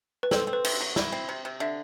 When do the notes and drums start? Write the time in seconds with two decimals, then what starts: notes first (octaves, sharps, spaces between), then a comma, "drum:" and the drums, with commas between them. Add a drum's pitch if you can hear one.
0.23 B4
0.31 C4 A4, drum: snare
0.47 C4
0.53 B4
0.65 C3, drum: cymbal
0.81 F#3
0.96 E4, drum: snare
1.12 C4
1.29 C3
1.45 C3
1.60 D3 E5